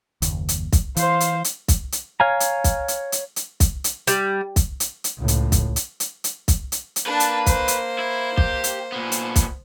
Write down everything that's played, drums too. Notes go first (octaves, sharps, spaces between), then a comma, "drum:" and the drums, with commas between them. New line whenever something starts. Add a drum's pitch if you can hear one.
F#1 D#2, drum: hi-hat
drum: hi-hat
drum: kick, hi-hat
E3 C5 F5, drum: hi-hat
drum: hi-hat
drum: hi-hat
drum: kick, hi-hat
drum: hi-hat
C#5 F5 G#5 A#5
drum: hi-hat
drum: kick, hi-hat
drum: hi-hat
drum: hi-hat
drum: hi-hat
drum: kick, hi-hat
drum: hi-hat
G3, drum: hi-hat
drum: kick, hi-hat
drum: hi-hat
drum: hi-hat
C#2 A2
drum: hi-hat
drum: kick, hi-hat
drum: hi-hat
drum: hi-hat
drum: hi-hat
drum: kick, hi-hat
drum: hi-hat
drum: hi-hat
A#3 D4 B4 A5
drum: hi-hat
C5, drum: kick, hi-hat
drum: hi-hat
E4
G4, drum: kick
drum: hi-hat
A#2 B3
drum: hi-hat
drum: kick, hi-hat